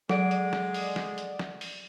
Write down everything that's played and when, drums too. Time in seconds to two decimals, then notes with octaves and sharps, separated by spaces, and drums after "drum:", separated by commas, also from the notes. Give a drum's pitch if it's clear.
0.09 F#3 G#3 A4 D5 F#5 D7, drum: snare
0.31 drum: hi-hat
0.53 drum: snare
0.74 drum: open hi-hat
0.96 drum: snare
1.18 drum: hi-hat
1.39 drum: snare
1.61 drum: open hi-hat